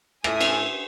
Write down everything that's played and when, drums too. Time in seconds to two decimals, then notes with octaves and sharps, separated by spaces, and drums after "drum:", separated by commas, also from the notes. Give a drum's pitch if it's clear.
0.24 A2 E5 G#5 D#6, drum: rim click
0.41 drum: cymbal